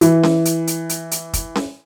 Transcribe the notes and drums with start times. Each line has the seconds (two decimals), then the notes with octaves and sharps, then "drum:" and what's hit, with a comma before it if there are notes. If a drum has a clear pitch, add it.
0.01 E3, drum: hi-hat
0.23 drum: snare C#4
0.45 drum: hi-hat
0.67 drum: hi-hat
0.89 drum: hi-hat
1.11 drum: hi-hat
1.33 drum: kick, hi-hat
1.55 drum: snare C#4